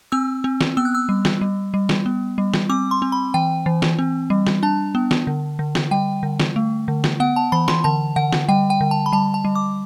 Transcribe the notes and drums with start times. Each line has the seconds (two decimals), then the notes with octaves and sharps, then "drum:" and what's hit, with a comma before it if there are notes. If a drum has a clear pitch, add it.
0.12 C4 E6
0.44 C4
0.61 drum: snare
0.77 B3 E6
0.85 F#6
0.95 E6
1.09 G3
1.25 drum: snare
1.41 G3
1.74 G3
1.89 drum: snare
2.06 B3
2.38 G3
2.54 drum: snare
2.70 C4 D6
2.91 C6
3.02 C4
3.12 B5
3.34 E3 G5
3.66 E3
3.82 drum: snare
3.99 C4
4.30 G3
4.47 drum: snare
4.63 D4 A5
4.95 B3
5.11 drum: snare
5.27 D3
5.59 D3
5.75 drum: snare
5.91 G3 G5
6.23 D3
6.40 drum: snare
6.56 A3
6.88 D3
7.04 drum: snare
7.20 B3 F#5
7.36 A5
7.52 E3 B5
7.68 C6, drum: snare
7.84 D3 A5
8.16 D3 F#5
8.33 drum: snare
8.48 G3 G5
8.70 G5
8.81 D3
8.91 A5
9.06 B5
9.12 G3 A5
9.34 A5
9.45 G3
9.55 D6